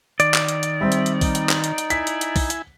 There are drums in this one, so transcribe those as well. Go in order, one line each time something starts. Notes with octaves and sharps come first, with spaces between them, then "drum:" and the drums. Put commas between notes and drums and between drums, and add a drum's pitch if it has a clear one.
D#3 D5, drum: hi-hat
drum: clap
drum: hi-hat
drum: hi-hat
G3 C4 E5
drum: hi-hat
drum: hi-hat
D#4, drum: kick B1, open hi-hat
drum: hi-hat
drum: clap
drum: hi-hat
drum: hi-hat
E4 G#5 B6, drum: hi-hat
drum: hi-hat
drum: hi-hat
drum: kick B1, open hi-hat
drum: hi-hat